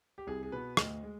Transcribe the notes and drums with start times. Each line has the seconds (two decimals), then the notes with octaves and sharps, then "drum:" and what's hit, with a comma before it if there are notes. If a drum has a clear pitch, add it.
0.18 G4
0.27 C2 G#4
0.43 G#4
0.52 B2 B3 B4
0.77 D2 D#5, drum: rim click
1.03 G#3